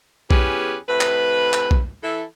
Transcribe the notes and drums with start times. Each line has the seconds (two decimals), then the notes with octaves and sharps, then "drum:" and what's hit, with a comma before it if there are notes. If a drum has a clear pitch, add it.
0.31 E2 C#4 G4 G#4 B4, drum: kick B1
0.89 A2 C3 B4
1.01 drum: clap
1.53 drum: clap
1.71 drum: kick B1
2.03 E3 E4 A4